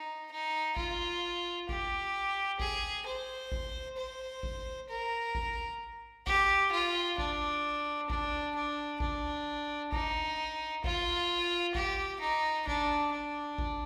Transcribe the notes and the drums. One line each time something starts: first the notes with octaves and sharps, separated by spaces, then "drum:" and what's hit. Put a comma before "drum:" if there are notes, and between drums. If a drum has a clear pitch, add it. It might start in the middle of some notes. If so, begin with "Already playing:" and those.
Already playing: D#4
D#4
F4, drum: kick G#1
G4, drum: kick G#1
G#4, drum: kick G#1
C5
drum: kick G#1
C5
drum: kick G#1
A#4
drum: kick G#1
G4, drum: kick G#1
F4
D4, drum: kick G#1
D4, drum: kick G#1
D4
D4, drum: kick G#1
D#4, drum: kick G#1
F4, drum: kick G#1
G4, drum: kick G#1
D#4
D4, drum: kick G#1
D4
drum: kick G#1